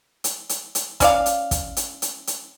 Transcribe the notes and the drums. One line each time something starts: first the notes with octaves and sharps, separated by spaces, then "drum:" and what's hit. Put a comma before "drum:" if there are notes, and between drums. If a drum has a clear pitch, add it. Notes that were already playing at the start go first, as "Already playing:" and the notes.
drum: hi-hat
drum: hi-hat
drum: hi-hat
C#4 D5 F5, drum: kick, hi-hat
drum: hi-hat
drum: kick, hi-hat
drum: hi-hat
drum: hi-hat
drum: hi-hat